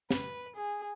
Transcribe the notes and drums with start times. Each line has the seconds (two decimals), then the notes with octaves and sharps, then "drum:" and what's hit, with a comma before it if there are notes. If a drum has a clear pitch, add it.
0.11 B4, drum: snare
0.55 G#4